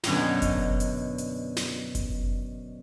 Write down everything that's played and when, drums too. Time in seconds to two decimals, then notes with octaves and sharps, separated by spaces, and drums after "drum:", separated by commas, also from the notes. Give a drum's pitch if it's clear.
0.04 F#2 B2 D3 F#3 D#5 A#5, drum: snare
0.42 drum: kick F#1, hi-hat
0.80 drum: hi-hat
1.18 drum: hi-hat
1.57 drum: snare
1.95 drum: kick F#1, hi-hat